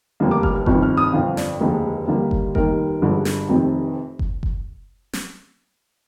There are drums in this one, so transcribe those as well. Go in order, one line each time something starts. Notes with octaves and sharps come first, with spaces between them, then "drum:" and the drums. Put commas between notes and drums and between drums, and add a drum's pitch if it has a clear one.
F1 D#2 D3 G3 A#3
D6
F6, drum: kick F#1
F6
G1 F2 C3 D#3, drum: kick F#1
F6
D#6
G1 F2 D3 F5
D5, drum: snare
F1 D#2 D3 F3 G#3
D#2 D3 G3 A#3
drum: kick F#1
F1 D#2 D#3 G3 A#4, drum: kick F#1
G1 G2 D3 G#3
drum: snare
F1 F2 C3 D#3
drum: kick F#1
drum: kick F#1
drum: snare